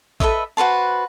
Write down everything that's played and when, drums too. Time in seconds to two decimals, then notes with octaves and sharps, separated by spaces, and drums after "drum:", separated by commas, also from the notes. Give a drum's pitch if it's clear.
0.20 A4 B4 D#5 E5, drum: kick A#1
0.57 F#4 B4 C5 A5